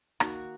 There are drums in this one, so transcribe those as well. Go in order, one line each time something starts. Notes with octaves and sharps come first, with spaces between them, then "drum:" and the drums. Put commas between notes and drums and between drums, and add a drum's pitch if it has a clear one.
D#3 A#3 F#4, drum: rim click